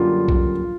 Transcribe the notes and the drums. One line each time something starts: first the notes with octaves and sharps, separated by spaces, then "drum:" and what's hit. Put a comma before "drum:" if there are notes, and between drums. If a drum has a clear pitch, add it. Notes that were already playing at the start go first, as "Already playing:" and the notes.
Already playing: F#2 D3 G3 A#3 F4
drum: kick